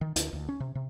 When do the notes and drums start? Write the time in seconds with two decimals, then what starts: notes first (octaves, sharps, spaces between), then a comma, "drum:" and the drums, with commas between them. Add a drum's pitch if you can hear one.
0.01 D#3
0.16 D2, drum: hi-hat
0.33 D2
0.49 C#4
0.60 C3
0.75 C3